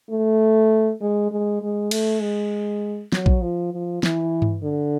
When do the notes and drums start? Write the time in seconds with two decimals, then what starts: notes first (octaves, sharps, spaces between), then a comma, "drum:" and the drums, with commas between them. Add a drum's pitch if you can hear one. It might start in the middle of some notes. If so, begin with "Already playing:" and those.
0.11 A3
1.01 G#3
1.31 G#3
1.62 G#3
1.91 A3, drum: cymbal
2.22 G#3
3.12 F#3, drum: snare
3.26 drum: kick
3.42 F3
3.73 F3
4.03 E3, drum: snare
4.42 drum: tom G2
4.63 D3